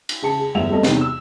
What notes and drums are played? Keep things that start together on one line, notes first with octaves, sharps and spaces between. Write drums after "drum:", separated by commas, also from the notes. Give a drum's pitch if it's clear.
drum: cymbal
C#3 G#4 A5 C#7
G#4
G1 E2 E5 F7
G3 A3 C4 A4 D#5
E2 C3 D#3, drum: snare
E6